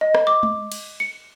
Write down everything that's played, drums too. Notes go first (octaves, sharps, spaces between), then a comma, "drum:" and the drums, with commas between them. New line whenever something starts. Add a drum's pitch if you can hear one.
D#5
drum: rim click
D6
drum: tom G#3
drum: cymbal
C#7